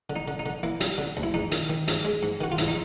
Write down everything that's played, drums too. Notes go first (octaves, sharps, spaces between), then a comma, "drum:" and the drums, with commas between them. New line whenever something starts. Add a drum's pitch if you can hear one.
D3
D#4
D3
D#4
D3
A#3 E4
G3, drum: hi-hat
D3
D2
E4
G#2 D#4
D#3, drum: hi-hat
D#3
G#2, drum: hi-hat
G#3
G#2
D#3 F#4
F4
G#2 E4, drum: hi-hat
D#4